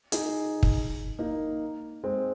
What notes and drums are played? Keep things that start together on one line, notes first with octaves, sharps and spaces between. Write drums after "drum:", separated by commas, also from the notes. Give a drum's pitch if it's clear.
D#4 G#4, drum: hi-hat
drum: kick
A#3 D#4
G#3 C4